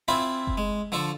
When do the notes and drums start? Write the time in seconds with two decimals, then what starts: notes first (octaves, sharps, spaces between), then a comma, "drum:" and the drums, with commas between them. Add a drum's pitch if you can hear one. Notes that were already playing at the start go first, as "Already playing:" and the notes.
0.08 C4 E4 F4 D5 G#5 B5
0.47 drum: kick F#1
0.57 G#3
0.92 D3 F3 A4 D5 C#6